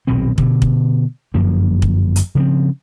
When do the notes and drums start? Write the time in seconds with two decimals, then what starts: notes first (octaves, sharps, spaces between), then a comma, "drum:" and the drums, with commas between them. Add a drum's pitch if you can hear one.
0.07 D#1 B1 B2 C4
0.38 B2 D3, drum: kick
0.62 drum: kick
1.34 G1 F#2 F3 A#3
1.82 drum: kick
2.16 drum: hi-hat
2.35 C#3 F3 A3 C4